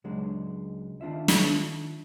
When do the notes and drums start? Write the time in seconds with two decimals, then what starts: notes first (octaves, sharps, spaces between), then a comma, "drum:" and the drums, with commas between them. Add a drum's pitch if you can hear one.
0.04 C#2 F#3 G#3 D4
1.01 D#3 D4 F4 E5
1.28 drum: snare